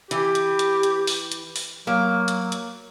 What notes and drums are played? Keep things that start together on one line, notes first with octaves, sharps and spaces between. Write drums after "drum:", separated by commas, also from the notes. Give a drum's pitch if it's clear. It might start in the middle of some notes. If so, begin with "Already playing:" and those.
E3 G4, drum: hi-hat
drum: hi-hat
drum: hi-hat
drum: hi-hat
drum: open hi-hat
drum: hi-hat
drum: open hi-hat
F#3 A#3
drum: hi-hat
drum: hi-hat